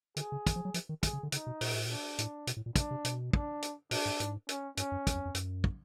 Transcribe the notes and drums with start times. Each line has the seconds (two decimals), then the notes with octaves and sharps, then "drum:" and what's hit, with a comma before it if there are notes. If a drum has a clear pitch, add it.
0.17 D3 G#4, drum: hi-hat
0.32 C#3
0.46 D#3, drum: kick, hi-hat
0.56 F3
0.65 F#3
0.74 F3, drum: hi-hat
0.89 D#3
1.03 D3 G#4, drum: kick, hi-hat
1.13 C#3
1.23 D3
1.32 C#3 D#4, drum: hi-hat
1.47 B2
1.61 A#2, drum: open hi-hat
1.74 A2
1.86 A#2 D4
2.19 A2, drum: hi-hat
2.47 B2, drum: hi-hat
2.57 A2
2.66 A#2
2.76 C3 D4, drum: kick, hi-hat
2.91 C3
3.05 B2, drum: hi-hat
3.33 D4, drum: kick
3.62 drum: hi-hat
3.91 A#2 D4, drum: open hi-hat
4.06 G#2
4.20 G#2, drum: hi-hat
4.49 C#4, drum: hi-hat
4.77 G2 C#4, drum: hi-hat
4.92 F#2
5.07 E2, drum: kick, hi-hat
5.15 F2
5.26 F2
5.35 F#2, drum: hi-hat
5.64 drum: kick